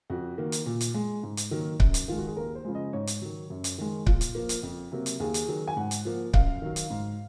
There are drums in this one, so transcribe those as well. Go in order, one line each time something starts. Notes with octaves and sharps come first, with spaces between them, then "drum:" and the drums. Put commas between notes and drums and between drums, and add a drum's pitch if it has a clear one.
F2 F#4
D#3 A#3
drum: hi-hat
A#2
drum: hi-hat
G#3
G#2
drum: hi-hat
D#3 F#3 A#3
F#2, drum: kick C#1
drum: hi-hat
D#3 G#3 F4
F#4
G#4
D#2 A#4
C5
C#3 F3 G#3
D#5
G#2 C#5
drum: hi-hat
D#3 F#3
F#2
drum: hi-hat
D#3 G#3
A#2 F4, drum: kick C#1
drum: hi-hat
F3 A#3
drum: hi-hat
F2
C3 F#3 A#3
drum: hi-hat
D#2 G#4
drum: hi-hat
D#3 F#3
G#5
G#2 F#5
drum: hi-hat
F3 A#3
F#2 F5, drum: kick C#1
D#3 F#3
drum: hi-hat
G#2